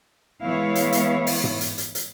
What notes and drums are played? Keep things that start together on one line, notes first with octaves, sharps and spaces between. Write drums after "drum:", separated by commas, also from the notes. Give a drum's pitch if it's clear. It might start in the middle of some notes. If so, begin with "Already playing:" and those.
E3 G#3 B3 E4 C#5 F5
drum: hi-hat
drum: hi-hat
drum: open hi-hat
drum: tom G#2
drum: hi-hat
drum: hi-hat
drum: hi-hat